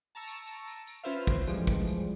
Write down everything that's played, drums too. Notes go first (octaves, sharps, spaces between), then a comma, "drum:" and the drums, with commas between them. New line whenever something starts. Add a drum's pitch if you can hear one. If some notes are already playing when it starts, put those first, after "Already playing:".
A5 A#5 C#6 E6
drum: tambourine
drum: tambourine
drum: tambourine
drum: tambourine
C#4 F4 B4 C5 E5 F5
drum: kick, tambourine
F2 E3 F3 G3 G#3, drum: tambourine
drum: kick, tambourine
drum: tambourine